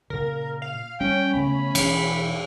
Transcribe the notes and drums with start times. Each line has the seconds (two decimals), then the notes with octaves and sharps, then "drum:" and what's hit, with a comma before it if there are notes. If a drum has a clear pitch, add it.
0.10 A#2 C#3 A#4
0.62 F5
1.01 G3 C#4 G5
1.34 C#3 A3 B3 B5
1.75 E1 E3, drum: cymbal